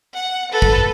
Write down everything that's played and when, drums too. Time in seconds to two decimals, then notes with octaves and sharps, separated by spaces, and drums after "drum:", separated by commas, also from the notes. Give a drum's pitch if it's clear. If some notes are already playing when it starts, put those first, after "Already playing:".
0.13 F#5
0.52 A4 B4
0.62 drum: kick